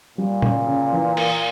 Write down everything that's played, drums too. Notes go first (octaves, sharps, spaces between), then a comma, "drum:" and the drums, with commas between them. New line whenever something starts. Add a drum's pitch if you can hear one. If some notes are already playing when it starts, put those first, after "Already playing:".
A#2 G3
C#3, drum: tom A#2
C#3
E3
A#3, drum: cymbal